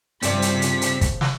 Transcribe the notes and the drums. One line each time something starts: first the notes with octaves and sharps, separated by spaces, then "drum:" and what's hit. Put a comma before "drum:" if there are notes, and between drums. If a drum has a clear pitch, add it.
G2 C#3 F3 C4 D5 E5 B6, drum: hi-hat
drum: hi-hat
drum: hi-hat
drum: hi-hat
drum: kick, hi-hat
drum: snare